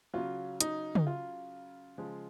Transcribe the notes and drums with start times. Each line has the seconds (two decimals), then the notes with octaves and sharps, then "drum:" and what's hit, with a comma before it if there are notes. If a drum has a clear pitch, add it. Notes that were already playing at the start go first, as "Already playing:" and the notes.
0.14 C#3 F#3 F4
0.61 D#4, drum: hi-hat
0.95 drum: tom
1.07 F4
1.98 C#3 F3 G#3